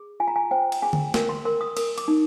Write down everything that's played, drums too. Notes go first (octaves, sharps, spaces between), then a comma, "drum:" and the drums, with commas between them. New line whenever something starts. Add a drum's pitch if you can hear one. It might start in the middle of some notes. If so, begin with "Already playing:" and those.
Already playing: G#4
F4 G#5
A#5
G#5
C5 G5
drum: cymbal
G#4 G#5
drum: tom D3
A#4, drum: snare
C6
A#4 C6
D#6
A#4 D#6, drum: cymbal
D6, drum: cymbal
D#4